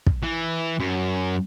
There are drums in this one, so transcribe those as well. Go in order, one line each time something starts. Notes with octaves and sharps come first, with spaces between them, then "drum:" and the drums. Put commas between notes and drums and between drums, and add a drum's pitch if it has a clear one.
drum: kick
E3
F#2